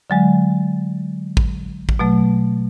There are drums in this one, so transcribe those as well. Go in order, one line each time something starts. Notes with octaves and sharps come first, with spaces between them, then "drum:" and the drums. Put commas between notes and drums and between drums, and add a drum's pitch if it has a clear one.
D3 F#3 G#3
drum: kick
drum: kick
B2 F#3 A3